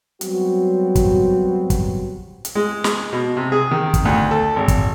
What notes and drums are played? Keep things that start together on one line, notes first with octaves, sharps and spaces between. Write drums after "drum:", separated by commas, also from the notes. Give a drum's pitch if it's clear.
F#3 G3 B3 C4 F#4, drum: hi-hat
drum: kick, hi-hat
drum: kick, hi-hat
drum: hi-hat
G#3
G#3, drum: snare
B2
C3
G#4
D#3
drum: kick, hi-hat
D2
A4
G#1
drum: kick, hi-hat